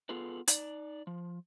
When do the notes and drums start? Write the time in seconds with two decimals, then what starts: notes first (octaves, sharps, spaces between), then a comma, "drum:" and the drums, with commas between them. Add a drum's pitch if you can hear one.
0.09 B3 F4 G#4 A4 B4
0.48 D#4 D5, drum: hi-hat
1.07 F3